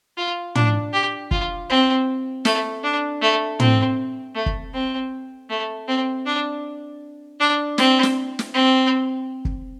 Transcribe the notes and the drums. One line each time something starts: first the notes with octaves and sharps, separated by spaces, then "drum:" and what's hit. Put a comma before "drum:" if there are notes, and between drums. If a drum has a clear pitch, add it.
F4
D4, drum: tom
G4
F4, drum: kick
C4
A3, drum: snare
D4
A3
C4, drum: tom
A3
drum: kick
C4
A3
C4
D4
D4
C4, drum: snare
drum: snare
drum: snare
C4
drum: kick